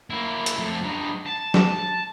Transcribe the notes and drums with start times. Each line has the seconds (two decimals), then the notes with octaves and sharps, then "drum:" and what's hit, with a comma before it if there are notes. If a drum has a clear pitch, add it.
0.10 A#3 E4
0.46 drum: hi-hat
0.57 F2 A3
0.82 G2 D#4
1.26 A5
1.54 drum: snare